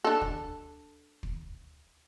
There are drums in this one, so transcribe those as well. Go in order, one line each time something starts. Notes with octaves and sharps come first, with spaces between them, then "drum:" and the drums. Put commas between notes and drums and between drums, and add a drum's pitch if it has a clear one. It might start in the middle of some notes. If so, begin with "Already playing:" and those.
D4 A4
drum: kick
drum: kick